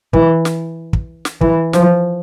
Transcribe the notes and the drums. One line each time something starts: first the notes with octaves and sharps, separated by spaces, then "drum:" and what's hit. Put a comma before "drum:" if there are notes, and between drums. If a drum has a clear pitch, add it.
E3, drum: kick
drum: snare
drum: kick
drum: snare
E3, drum: kick
F3, drum: snare